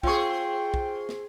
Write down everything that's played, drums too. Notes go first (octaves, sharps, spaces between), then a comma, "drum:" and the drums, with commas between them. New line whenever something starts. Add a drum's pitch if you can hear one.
C4 F4 G#4 G5 C#6, drum: kick
drum: kick
drum: snare